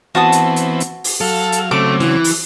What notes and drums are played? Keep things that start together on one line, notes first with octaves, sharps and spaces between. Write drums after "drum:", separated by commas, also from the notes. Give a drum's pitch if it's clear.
E3 B3 C4 F#4 A5 D#6
drum: hi-hat
drum: hi-hat
drum: hi-hat
drum: open hi-hat
F#3 A4 F5
drum: hi-hat
C#3 F#3 A3 C4 D6
E3, drum: snare
drum: open hi-hat